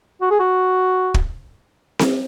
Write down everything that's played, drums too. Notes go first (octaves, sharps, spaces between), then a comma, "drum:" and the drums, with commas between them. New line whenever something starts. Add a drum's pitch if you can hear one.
F#4
G#4
F#4
drum: kick
drum: snare C4